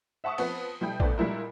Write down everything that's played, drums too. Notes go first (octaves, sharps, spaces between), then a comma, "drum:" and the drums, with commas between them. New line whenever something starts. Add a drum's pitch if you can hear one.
E5 F#5 A5 C#6 D#6
F3 B3 C4 B4, drum: cymbal
B2 G3 E4 G5 G6
A#1 A3 B3 D5, drum: kick
A#2 G3 G#3 E4 A#4